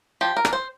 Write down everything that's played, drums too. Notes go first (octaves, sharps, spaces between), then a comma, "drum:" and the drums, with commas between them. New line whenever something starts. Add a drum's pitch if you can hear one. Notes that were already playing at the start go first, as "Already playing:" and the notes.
F3 G4
A#4
D4, drum: rim click
C5